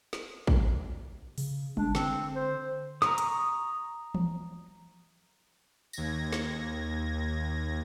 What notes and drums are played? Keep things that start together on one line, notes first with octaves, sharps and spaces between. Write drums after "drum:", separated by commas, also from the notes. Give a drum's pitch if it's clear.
drum: snare
drum: kick A1
C#3, drum: open hi-hat
G#1 D4, drum: tom G3
D3 C4, drum: snare
C5
A#5 C#6 D#6, drum: snare
drum: hi-hat
drum: tom E3
D#2 G#6 A#6, drum: tambourine
drum: snare